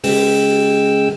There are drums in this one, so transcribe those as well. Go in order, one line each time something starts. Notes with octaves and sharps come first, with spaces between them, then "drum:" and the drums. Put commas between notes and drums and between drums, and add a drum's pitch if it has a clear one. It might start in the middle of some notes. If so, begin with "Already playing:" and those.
C#3 G#3 G5 E6, drum: open hi-hat